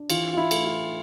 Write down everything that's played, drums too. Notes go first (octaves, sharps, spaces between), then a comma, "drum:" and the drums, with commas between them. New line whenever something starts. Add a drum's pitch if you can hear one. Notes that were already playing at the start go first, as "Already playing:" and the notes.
Already playing: D4
E3 F4, drum: cymbal
F4
E4
A3, drum: cymbal
F4